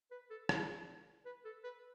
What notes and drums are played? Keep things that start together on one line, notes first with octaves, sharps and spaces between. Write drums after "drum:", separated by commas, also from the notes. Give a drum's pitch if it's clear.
B4
A4
G#4, drum: rim click
B4
A4
B4